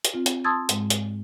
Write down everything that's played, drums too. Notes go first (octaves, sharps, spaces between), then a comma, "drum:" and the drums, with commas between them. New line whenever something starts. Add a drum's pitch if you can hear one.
drum: hi-hat
C4 F4
drum: hi-hat
A5 C6 D#6 E6 G#6 A6
G#2 G#3, drum: hi-hat
drum: hi-hat